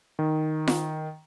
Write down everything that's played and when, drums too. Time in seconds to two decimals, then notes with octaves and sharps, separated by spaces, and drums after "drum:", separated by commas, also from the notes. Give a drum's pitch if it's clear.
0.19 D#3
0.68 drum: snare F4